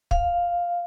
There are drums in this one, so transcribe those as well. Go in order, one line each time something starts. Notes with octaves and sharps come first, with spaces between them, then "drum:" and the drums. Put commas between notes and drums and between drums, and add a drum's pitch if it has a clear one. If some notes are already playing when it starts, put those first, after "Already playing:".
F5, drum: kick